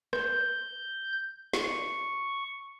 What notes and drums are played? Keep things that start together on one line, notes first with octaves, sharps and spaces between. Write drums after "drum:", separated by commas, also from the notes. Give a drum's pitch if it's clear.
G6, drum: rim click
C#6, drum: snare